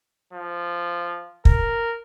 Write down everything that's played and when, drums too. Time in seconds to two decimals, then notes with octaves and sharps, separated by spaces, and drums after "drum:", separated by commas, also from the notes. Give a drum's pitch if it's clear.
0.33 F3
1.45 A#4, drum: kick